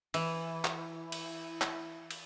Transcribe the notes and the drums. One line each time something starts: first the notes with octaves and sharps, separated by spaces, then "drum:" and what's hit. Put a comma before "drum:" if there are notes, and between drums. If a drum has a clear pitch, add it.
E3, drum: cymbal
E4, drum: clap
drum: cymbal
drum: clap
drum: cymbal